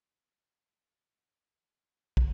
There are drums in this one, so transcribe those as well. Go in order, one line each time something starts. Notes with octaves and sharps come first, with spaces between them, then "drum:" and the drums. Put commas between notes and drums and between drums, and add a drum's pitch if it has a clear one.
F#1 D2 A#6
D#4 F4 G#4 A4
B1 D4 E4 B4 E5
D2 D5
D#5 E5 F#5 C6
drum: kick